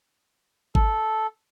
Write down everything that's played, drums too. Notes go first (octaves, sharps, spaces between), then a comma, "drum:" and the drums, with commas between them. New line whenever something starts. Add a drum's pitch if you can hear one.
A4, drum: kick G#1